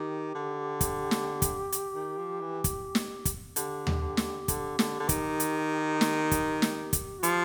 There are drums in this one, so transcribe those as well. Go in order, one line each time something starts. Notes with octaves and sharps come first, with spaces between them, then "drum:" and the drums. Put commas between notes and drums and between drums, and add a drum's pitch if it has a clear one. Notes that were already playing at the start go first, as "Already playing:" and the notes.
Already playing: D#3 G4
D3
drum: kick, hi-hat
drum: snare
drum: kick, hi-hat
drum: hi-hat
D#3
F3
E3
drum: kick, hi-hat
drum: snare
drum: kick, hi-hat
D3 G4, drum: hi-hat
drum: tom D#2
D3
drum: snare
D3, drum: kick, hi-hat
D3, drum: snare
D3
D#3, drum: kick, hi-hat
drum: hi-hat
drum: snare
drum: kick, hi-hat
drum: snare
drum: kick, hi-hat
F#4
F3 G4, drum: hi-hat